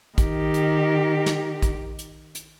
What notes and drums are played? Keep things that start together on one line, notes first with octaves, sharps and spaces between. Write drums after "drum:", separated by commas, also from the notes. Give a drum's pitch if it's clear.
D#3 G4, drum: kick A#1, hi-hat
drum: hi-hat
drum: snare
drum: kick A#1, hi-hat
drum: hi-hat
drum: hi-hat